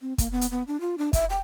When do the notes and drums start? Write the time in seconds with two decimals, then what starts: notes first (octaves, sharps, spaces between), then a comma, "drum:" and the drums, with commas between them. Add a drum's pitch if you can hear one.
0.01 C4
0.18 A#3, drum: kick, hi-hat
0.32 B3
0.41 drum: hi-hat
0.51 B3
0.68 D4
0.81 F4
0.98 D4
1.13 E5, drum: kick, hi-hat
1.30 G5